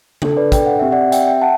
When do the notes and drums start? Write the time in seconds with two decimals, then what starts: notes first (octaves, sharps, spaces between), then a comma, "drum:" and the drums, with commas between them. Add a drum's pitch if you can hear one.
0.22 D4 A4, drum: tom C#3
0.37 B4 D5
0.52 G5, drum: kick, hi-hat
0.66 F#5
0.79 C4 G4 E5
0.92 D5 F#5
1.12 E5 G5, drum: hi-hat
1.27 E5 G5
1.42 F#5 A5